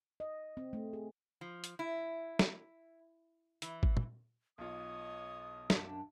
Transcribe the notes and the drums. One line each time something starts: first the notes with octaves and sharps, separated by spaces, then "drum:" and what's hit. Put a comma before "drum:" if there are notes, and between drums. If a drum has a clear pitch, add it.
D#5
C4
A3
G#4
F3
drum: hi-hat
E4
drum: snare
E3, drum: hi-hat
drum: kick
drum: tom
B1 F4 C#5 D#5 D#6
F#2 D4, drum: snare